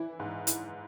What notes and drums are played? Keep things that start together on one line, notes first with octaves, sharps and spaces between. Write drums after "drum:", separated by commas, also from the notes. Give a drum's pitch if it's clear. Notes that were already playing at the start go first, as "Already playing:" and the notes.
Already playing: E3 E4
G#2
E4, drum: hi-hat